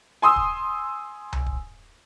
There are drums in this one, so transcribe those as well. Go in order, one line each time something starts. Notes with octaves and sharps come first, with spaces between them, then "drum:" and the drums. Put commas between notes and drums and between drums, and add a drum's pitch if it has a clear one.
G#5 C6 D#6 E6
drum: kick
drum: tom C2
drum: kick